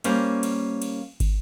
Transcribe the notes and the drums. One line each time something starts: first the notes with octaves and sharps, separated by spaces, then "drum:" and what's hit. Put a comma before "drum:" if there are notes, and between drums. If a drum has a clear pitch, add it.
G3 A#3 C#4 C5, drum: cymbal
drum: cymbal
drum: cymbal
drum: kick, cymbal